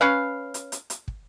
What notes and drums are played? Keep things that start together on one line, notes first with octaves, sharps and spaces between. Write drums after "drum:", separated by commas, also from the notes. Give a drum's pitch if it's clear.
C#4 B4 F5
drum: hi-hat
drum: hi-hat
drum: hi-hat
drum: kick